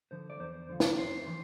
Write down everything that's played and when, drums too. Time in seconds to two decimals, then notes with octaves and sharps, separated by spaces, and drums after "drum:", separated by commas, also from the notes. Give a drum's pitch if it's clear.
0.11 D3 F3 C5
0.30 D5
0.40 E2 C5
0.69 D3 F3
0.80 drum: snare
0.98 F2 C5
1.26 E3 C5